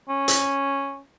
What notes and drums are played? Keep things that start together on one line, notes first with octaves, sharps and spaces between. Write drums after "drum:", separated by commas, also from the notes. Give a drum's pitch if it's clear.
C#4
drum: hi-hat